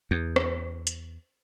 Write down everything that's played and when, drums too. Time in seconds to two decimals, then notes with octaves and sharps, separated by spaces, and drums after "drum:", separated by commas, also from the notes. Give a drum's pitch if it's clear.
0.11 E2
0.36 drum: rim click
0.87 drum: hi-hat